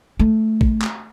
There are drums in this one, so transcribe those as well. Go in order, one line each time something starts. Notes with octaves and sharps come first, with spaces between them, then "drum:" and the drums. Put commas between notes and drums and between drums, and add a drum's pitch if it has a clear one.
A3
drum: kick
drum: clap